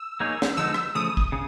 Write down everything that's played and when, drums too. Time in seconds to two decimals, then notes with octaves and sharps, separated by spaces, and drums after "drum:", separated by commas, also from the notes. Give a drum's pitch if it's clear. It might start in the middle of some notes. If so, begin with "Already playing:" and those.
Already playing: E6
0.20 A#3 D#4 G#4 C#5
0.42 drum: snare
0.57 D3 F3 G#3 B3 D#4 E6
0.74 drum: rim click
0.95 C#3 F3 A3 D#6
1.17 drum: kick
1.32 C#3